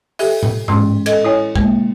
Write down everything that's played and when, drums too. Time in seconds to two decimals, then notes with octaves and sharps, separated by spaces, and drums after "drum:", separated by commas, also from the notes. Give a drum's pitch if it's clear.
0.19 G4 A4 E5, drum: open hi-hat
0.43 drum: tom A2
0.68 A2 E3 G#3 C#4, drum: tom G#2
1.06 A4 D#5, drum: cymbal
1.24 E4 C#5 G#5
1.56 G#3 A#3, drum: kick C2